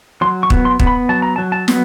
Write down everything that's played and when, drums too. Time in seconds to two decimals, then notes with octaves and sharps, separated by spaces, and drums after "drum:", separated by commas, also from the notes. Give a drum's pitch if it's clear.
0.21 F#3 C6
0.43 C#6
0.50 B3, drum: kick
0.65 C6
0.79 B3, drum: kick
0.87 B5
1.09 F#3 A5
1.22 A#5
1.36 F#3 A5
1.52 A5
1.68 B3, drum: snare